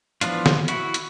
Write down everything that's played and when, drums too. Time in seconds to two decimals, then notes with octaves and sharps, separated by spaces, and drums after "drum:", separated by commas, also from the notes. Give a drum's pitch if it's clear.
0.21 E3 F3 B3 D4 F4, drum: hi-hat
0.46 drum: snare
0.68 E4 F#4, drum: hi-hat
0.94 drum: hi-hat